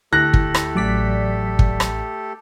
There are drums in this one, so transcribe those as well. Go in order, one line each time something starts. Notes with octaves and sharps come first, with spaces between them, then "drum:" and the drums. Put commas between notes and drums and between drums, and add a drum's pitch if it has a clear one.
D2 A3 E4 G4 A4 F#6 A#6
drum: kick
drum: rim click
A1 F#3 D5 B6
drum: kick
drum: rim click